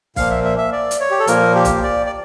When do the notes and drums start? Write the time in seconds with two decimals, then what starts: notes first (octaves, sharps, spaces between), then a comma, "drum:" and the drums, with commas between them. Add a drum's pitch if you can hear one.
0.16 A#2 F3 A#3 F5, drum: kick, open hi-hat
0.30 E5
0.44 E5
0.58 E5
0.72 D5
0.91 drum: hi-hat
1.00 C#5
1.11 G4
1.19 A4
1.27 A#2 F3 A#3 A#4, drum: hi-hat
1.55 G4
1.65 drum: kick, hi-hat
1.83 D5
2.06 D5